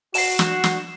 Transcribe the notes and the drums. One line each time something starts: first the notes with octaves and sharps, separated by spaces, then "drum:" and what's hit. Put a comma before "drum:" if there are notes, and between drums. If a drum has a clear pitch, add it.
F#4 C7 E7, drum: open hi-hat
drum: snare
drum: snare